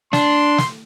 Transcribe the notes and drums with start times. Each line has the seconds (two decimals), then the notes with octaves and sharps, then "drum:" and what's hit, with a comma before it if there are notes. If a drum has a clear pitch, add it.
0.13 D4 C6, drum: snare
0.58 drum: snare